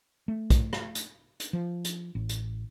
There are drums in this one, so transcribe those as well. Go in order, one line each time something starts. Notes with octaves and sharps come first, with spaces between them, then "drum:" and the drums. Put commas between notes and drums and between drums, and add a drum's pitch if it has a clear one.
A3
drum: kick, hi-hat
drum: rim click
drum: hi-hat
drum: hi-hat
F3
drum: hi-hat
A1
drum: hi-hat